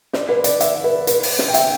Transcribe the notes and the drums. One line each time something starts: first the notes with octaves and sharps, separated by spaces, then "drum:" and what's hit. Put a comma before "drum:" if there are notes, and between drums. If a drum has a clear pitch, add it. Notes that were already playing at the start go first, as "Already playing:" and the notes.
D5, drum: snare
B4
D5, drum: hi-hat
E5, drum: hi-hat
B4
B4, drum: hi-hat
drum: open hi-hat
drum: snare
G5
E5, drum: hi-hat